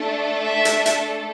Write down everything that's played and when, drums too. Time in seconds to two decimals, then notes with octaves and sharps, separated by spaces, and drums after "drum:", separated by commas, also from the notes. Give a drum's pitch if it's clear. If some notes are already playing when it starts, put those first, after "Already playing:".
Already playing: A3 D4 A4
0.45 E5
0.65 drum: hi-hat
0.86 drum: hi-hat